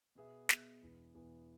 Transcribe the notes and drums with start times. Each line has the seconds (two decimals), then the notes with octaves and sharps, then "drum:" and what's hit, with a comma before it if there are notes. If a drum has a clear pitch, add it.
0.15 B2 B3 G#4 E5
0.49 B2 B3 G#4 E5, drum: snare
0.82 E1 E2 E3 B3
1.14 E1 E2 E3 B3